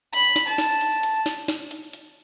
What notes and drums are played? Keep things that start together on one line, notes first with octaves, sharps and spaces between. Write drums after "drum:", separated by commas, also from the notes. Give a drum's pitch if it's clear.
B5, drum: hi-hat
drum: snare
A5
drum: snare
drum: hi-hat
drum: hi-hat
drum: snare
drum: snare
drum: hi-hat
drum: hi-hat